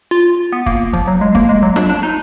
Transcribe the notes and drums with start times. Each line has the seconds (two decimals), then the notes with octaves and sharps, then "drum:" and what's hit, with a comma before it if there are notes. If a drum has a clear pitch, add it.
0.11 F4
0.52 B3
0.66 A#3, drum: kick
0.93 F3, drum: kick
1.07 F#3
1.21 G#3
1.35 A#3, drum: kick
1.49 G#3
1.62 F#3
1.76 D4, drum: snare
1.90 D4
2.03 D#4